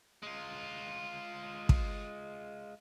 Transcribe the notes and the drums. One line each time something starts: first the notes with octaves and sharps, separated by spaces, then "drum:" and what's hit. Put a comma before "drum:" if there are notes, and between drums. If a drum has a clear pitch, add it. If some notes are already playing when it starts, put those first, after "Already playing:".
G#3 F4
drum: kick